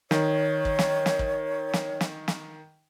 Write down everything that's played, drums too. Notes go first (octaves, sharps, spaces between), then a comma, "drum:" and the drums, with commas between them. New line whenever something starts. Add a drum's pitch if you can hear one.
D#3 C#5, drum: snare
drum: kick
drum: snare
drum: snare
drum: kick
drum: snare
drum: snare
drum: snare